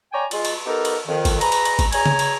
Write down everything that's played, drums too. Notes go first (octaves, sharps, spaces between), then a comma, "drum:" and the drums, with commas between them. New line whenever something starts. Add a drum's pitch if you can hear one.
C#5 D5 G5 G#5 A#5
G#3 F4, drum: cymbal
drum: cymbal
B3 D#4 G4 A4 A#4
drum: cymbal
F2 D#3
drum: kick, cymbal
G#4 B4 A#5, drum: cymbal
drum: cymbal
drum: cymbal
drum: kick, cymbal
G#4 C#5 G#5 A#5, drum: cymbal
drum: tom C#3
drum: cymbal